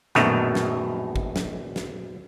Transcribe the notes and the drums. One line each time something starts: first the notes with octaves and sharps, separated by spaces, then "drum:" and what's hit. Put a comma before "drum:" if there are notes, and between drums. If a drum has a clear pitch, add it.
A#1 F#2 B2 D#3 A3 A#5, drum: snare
drum: snare
drum: kick G#1
drum: snare
drum: snare